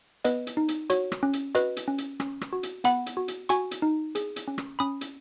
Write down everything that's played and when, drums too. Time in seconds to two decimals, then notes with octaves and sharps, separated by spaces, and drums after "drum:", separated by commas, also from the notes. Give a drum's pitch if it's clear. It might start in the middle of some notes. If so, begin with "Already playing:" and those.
0.25 B3 B4 D#5, drum: hi-hat
0.47 drum: hi-hat
0.57 D#4
0.68 drum: hi-hat
0.90 F#4 C#5, drum: hi-hat
1.12 drum: rim click
1.23 C#4
1.33 drum: hi-hat
1.55 F#4 B4 D#5, drum: hi-hat
1.77 drum: hi-hat
1.88 C#4
1.98 drum: hi-hat
2.20 C#4, drum: rim click
2.41 drum: rim click
2.53 F#4
2.63 drum: hi-hat
2.84 B3 F#5 B5, drum: hi-hat
3.06 drum: hi-hat
3.17 F#4
3.28 drum: hi-hat
3.49 F#4 G#5 C#6, drum: hi-hat
3.71 drum: hi-hat
3.82 D#4
4.15 G#4, drum: hi-hat
4.36 drum: hi-hat
4.48 C#4
4.58 drum: rim click
4.79 C#4 B5 D#6
5.01 drum: hi-hat